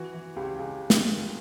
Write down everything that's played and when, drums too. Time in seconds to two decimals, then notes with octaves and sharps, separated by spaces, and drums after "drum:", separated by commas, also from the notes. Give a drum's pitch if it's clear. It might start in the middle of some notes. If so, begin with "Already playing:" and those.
Already playing: E3 F#4
0.14 E3
0.36 C#2 G4
0.59 C#2 G#4
0.90 drum: snare